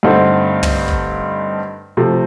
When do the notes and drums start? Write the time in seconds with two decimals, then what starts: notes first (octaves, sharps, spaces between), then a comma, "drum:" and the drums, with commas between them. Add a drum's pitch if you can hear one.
0.03 G2 D3 A3 C4 D#4
0.63 drum: tom
0.88 drum: kick
1.97 C3 F3 A3